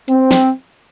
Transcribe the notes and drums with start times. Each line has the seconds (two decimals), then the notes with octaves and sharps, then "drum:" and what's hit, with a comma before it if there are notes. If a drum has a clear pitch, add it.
0.08 C4, drum: hi-hat
0.31 drum: snare